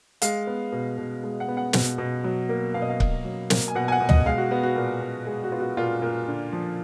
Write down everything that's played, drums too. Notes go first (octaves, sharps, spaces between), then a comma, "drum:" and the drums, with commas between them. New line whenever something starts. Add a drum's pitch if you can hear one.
G#3 F5, drum: hi-hat
B3
B2
B2
G#3
F#5
B3
F#5
B2, drum: snare
B2
F#3
A#3
B2 F5
D#5
F5
B2, drum: kick C#1
F#3
A#3, drum: snare
G#5
B2 F#5
G#5
F#5
B2
D#5, drum: tom
G#3 F5
F#4
B3 F#4
F#4
A#2
A#2
G#3 G#4
F#4
B3 F4
F#4
A#2 F4
A#2
D3
F3